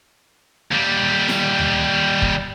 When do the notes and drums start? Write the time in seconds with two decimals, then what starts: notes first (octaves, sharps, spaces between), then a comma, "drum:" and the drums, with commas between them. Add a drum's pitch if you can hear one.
0.72 D#2 G3
1.28 drum: snare E4
1.59 drum: tom D2
2.22 drum: kick